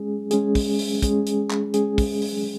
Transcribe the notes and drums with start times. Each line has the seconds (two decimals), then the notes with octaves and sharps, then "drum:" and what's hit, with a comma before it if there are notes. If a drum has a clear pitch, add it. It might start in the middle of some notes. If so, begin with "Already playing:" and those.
Already playing: G#3 C#4 G#4
0.31 G#3 C#4 G#4, drum: hi-hat
0.55 drum: kick, open hi-hat
0.79 drum: open hi-hat
1.02 G#3 C#4 G#4, drum: kick, hi-hat
1.27 drum: hi-hat
1.50 drum: clap
1.74 G#3 C#4 G#4, drum: hi-hat
1.98 drum: kick, open hi-hat
2.22 drum: open hi-hat